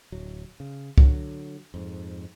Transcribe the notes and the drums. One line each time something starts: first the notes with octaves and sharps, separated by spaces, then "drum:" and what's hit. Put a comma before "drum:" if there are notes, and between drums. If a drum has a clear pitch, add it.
D1 F#3
C#3
D3 F#3, drum: kick C2
F2 G#2